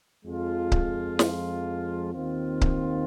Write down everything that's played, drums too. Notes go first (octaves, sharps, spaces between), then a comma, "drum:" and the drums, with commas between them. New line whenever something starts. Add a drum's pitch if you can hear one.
F2 F3 G#3 F4
drum: kick C#1
drum: snare
D#2 D#3 C4 F4
drum: kick C#1